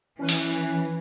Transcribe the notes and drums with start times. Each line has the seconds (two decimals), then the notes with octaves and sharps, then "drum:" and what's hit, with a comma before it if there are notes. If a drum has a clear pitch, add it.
0.19 E3 C#4 B4
0.29 drum: hi-hat